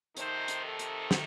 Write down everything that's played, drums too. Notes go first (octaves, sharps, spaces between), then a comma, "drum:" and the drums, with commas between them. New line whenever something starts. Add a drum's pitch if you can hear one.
F2 C3 D#3 A3 D#4 C5, drum: hi-hat
drum: hi-hat
A4
drum: hi-hat
drum: snare